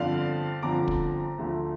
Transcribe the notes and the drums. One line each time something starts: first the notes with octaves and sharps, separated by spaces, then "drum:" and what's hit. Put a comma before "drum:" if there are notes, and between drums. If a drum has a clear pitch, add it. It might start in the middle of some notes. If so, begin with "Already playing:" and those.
Already playing: G1 F2 D3 F3 D5 F5
G1 F2 D3 F3 A#5 D6
drum: kick
D2 D3 F3 A3